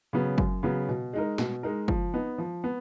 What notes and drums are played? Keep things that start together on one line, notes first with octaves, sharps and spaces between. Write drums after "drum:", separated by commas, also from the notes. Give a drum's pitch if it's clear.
C#3 F#3 B3
F#2, drum: kick
C#3 F#3 B3
B2
G#3 D#4 A#4
B2, drum: snare
G#3 D#4 A#4
F3, drum: kick
B3 D#4
F3
B3